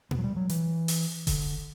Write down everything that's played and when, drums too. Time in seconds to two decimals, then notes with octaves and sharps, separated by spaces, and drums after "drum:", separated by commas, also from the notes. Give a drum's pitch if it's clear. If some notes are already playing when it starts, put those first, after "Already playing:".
0.11 B3, drum: tom A#2
0.18 F#3
0.24 G3
0.36 F#3
0.50 E3, drum: hi-hat
0.88 drum: open hi-hat
1.27 D3, drum: kick F1, open hi-hat